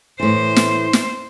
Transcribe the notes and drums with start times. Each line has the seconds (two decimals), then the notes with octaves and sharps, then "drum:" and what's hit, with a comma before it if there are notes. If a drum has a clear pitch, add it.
0.20 A2 E3 C5
0.56 drum: snare
0.93 drum: snare